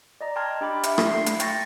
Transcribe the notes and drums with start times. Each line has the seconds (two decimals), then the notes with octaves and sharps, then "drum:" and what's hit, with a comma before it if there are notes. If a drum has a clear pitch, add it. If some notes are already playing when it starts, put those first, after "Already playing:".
0.21 D5 D#5 A#5
0.36 G5 A5 A#5 C6 F6 G#6
0.61 D4 G4 G5 A5 B5 D6
0.83 D4 E5, drum: hi-hat
0.98 drum: rim click
1.07 A3 C6 C7
1.26 drum: hi-hat
1.40 G5 C#6 A6 A#6 C#7, drum: hi-hat